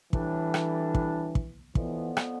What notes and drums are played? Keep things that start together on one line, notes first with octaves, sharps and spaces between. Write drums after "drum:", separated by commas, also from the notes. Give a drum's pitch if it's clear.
A2 E3 G3 D4, drum: kick
drum: rim click
drum: kick
drum: kick
F2 D3 E3 F3 B3, drum: kick
drum: rim click